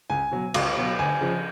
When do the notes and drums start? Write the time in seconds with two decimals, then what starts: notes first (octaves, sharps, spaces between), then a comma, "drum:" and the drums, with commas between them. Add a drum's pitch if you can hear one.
0.10 C#2 G#5
0.31 B2 F#3
0.54 C#2 F5, drum: cymbal
0.76 B2 F#3
0.99 D2 G#5
1.21 C#3 F3